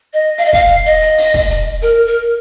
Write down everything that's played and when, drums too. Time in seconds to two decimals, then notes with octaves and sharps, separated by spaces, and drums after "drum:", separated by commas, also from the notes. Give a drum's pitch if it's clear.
0.13 D#5
0.38 F5, drum: hi-hat
0.46 D#5
0.53 F5, drum: kick, hi-hat
0.86 D#5
1.02 drum: hi-hat
1.18 drum: open hi-hat
1.34 drum: kick, open hi-hat
1.50 drum: hi-hat
1.82 A#4, drum: hi-hat
2.06 A#4